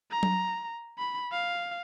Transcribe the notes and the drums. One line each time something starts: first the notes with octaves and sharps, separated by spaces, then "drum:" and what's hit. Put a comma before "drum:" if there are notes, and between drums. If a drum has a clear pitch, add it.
A#5
drum: tom F#3
B5
F5